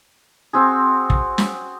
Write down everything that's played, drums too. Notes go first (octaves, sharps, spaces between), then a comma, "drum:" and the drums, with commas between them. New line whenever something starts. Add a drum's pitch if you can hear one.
C4 F#4 G#4
drum: kick
drum: snare